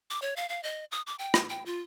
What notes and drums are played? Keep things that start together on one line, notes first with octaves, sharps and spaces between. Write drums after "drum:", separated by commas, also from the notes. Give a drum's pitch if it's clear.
D6
C#5
F5
F5
D#5
D#6
D6
G5
drum: rim click
G5
F4